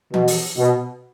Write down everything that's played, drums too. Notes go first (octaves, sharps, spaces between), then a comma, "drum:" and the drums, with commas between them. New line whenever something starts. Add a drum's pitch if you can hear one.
B2, drum: tom E3
drum: open hi-hat
B2